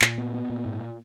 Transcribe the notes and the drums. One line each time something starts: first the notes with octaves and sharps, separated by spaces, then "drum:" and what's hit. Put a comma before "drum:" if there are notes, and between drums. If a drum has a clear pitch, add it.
A#2, drum: clap
B3
B3
A#2
G#2